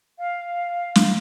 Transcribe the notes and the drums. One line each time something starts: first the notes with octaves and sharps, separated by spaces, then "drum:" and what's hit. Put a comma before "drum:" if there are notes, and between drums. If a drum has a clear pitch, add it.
F5
drum: snare